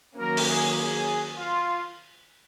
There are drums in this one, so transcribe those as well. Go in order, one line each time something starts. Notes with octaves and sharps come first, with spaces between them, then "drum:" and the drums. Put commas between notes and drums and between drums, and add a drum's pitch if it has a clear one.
D#3 F#3 A#3 C#4 A#4
drum: open hi-hat
G#4
G#4
F4